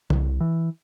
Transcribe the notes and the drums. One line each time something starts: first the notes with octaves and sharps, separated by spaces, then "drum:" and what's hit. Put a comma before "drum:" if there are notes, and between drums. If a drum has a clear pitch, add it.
C2, drum: tom C#3
E3